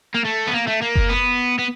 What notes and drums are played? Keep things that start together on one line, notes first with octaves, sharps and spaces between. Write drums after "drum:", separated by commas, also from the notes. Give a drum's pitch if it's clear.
A#3
A3
B3
A#3
A3
A#3
drum: kick F#1
B3
B3